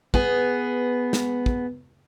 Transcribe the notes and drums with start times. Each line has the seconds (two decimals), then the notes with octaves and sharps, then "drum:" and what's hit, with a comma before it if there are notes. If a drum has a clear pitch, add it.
0.14 B3 G#4, drum: kick
1.13 drum: snare
1.46 drum: kick